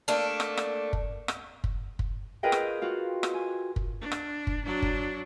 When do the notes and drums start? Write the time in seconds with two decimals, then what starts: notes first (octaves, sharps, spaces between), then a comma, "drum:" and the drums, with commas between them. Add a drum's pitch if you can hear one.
0.08 A3 A#3 D4
0.40 drum: rim click
0.57 drum: rim click
0.93 drum: kick
1.28 drum: rim click
1.64 drum: kick
1.99 drum: kick
2.43 F4 G#4 A#4 B4 D#5 G5
2.52 drum: rim click
2.82 F4 F#4
3.23 drum: rim click
3.34 G#5
3.76 drum: kick
4.01 D4
4.12 drum: rim click
4.47 drum: kick
4.65 F#3 D4
4.82 drum: kick